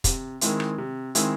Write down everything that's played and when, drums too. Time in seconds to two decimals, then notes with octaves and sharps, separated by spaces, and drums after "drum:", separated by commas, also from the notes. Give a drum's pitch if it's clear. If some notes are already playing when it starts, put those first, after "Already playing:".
0.04 C3, drum: kick, hi-hat
0.41 D#3 G#3 C4 E4, drum: hi-hat
0.60 drum: rim click
0.78 C3
1.15 D#3 G#3 C4 E4, drum: hi-hat